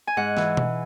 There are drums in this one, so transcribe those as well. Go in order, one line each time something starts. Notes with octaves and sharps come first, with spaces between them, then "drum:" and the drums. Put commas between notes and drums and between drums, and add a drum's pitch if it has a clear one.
G#5
G#2 F#5
E3, drum: snare
drum: tom B2